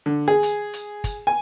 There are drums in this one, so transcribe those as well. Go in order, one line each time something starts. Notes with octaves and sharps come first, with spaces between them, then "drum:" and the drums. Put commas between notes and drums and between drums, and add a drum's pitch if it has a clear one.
D3
G#4
drum: hi-hat
drum: hi-hat
drum: kick, hi-hat
G#5